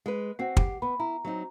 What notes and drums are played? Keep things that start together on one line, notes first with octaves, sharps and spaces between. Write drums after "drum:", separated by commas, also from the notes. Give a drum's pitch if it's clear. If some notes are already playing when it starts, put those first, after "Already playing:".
G#3 B4
C4 F#4 F#5 C7
G4, drum: kick
B3 B5
E4 A#5
F#3 C4 D#4